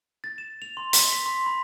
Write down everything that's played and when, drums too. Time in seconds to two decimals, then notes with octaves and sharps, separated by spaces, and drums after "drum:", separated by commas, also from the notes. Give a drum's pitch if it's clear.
0.24 A6
0.38 E7
0.62 F7
0.77 C6
0.93 B6, drum: hi-hat
1.13 B6
1.26 C6
1.46 B5